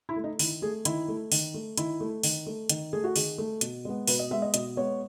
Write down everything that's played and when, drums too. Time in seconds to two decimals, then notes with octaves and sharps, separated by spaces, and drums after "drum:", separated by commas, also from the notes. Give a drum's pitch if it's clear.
0.09 E4
0.16 A3
0.24 D#4
0.39 D#3 E4, drum: open hi-hat
0.62 A3 G#4
0.85 D#3 E4, drum: hi-hat
1.08 A3
1.32 D#3, drum: open hi-hat
1.54 A3
1.77 D#3 E4, drum: hi-hat
2.01 A3
2.23 D#3, drum: open hi-hat
2.46 A3
2.69 D#3, drum: hi-hat
2.93 A3 G#4
3.04 F#4
3.16 D#3 G#4, drum: open hi-hat
3.38 A3
3.61 B2, drum: hi-hat
3.85 G#3 B3
4.07 B2 B4, drum: open hi-hat
4.19 D#5
4.31 G#3 B3 E5
4.42 D#5
4.54 B2 D#5, drum: hi-hat
4.77 G#3 B3 C#5